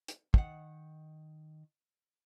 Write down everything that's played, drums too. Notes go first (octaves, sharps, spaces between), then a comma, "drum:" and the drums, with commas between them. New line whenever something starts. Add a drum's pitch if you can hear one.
drum: hi-hat
D#3 F#5, drum: kick